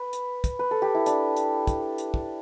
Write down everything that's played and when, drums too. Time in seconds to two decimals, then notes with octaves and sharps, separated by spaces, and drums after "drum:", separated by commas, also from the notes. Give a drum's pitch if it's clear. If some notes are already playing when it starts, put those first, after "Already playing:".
Already playing: B4
0.13 drum: hi-hat
0.44 drum: kick, hi-hat
0.59 B4
0.71 A4
0.82 G4
0.95 E4
1.06 D4, drum: hi-hat
1.37 drum: hi-hat
1.67 drum: kick, hi-hat
1.98 drum: hi-hat
2.14 drum: kick